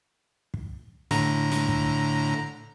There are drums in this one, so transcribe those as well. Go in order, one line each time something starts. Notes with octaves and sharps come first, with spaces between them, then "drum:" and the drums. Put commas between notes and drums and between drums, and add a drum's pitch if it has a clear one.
drum: kick
A2 D3 A#5, drum: snare
drum: snare
drum: kick